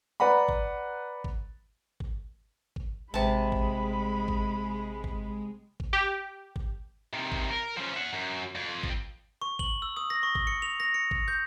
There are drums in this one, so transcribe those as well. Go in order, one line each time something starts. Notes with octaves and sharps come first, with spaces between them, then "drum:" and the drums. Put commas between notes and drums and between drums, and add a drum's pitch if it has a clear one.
B4 D5 F#5 A#5 B5
drum: kick
drum: kick
drum: kick
drum: kick
A1 C3 G#3 A5 B5
drum: kick
drum: kick
drum: kick
drum: kick
G4
drum: kick
C3 D#3
drum: kick
A#4
F3 C#4
E5 F#5
F#2
F2
drum: kick
C#6
F#7, drum: kick
E6
D#6
A#6
C#6
drum: kick
C#7
F7
A#6
C#7
drum: kick
G6